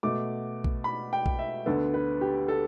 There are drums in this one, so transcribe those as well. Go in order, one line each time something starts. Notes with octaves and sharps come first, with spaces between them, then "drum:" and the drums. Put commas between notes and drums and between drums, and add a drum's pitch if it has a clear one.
B2 A3 D6
drum: kick A#1
B5
G5
drum: kick A#1
E5
D2 D3 B3 A4
B4
G4
A4